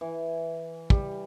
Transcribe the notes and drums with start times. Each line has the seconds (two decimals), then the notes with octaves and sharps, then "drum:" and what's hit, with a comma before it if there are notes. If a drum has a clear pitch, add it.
0.01 E3
0.90 G3, drum: kick